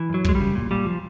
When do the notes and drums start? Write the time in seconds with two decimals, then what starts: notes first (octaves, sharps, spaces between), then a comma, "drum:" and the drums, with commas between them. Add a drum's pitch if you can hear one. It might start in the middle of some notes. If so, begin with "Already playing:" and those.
Already playing: E3
0.09 F#2 F#3
0.24 F#2 G#3, drum: kick
0.35 C#3 G3
0.55 A#2
0.71 A#2 G3
0.86 F3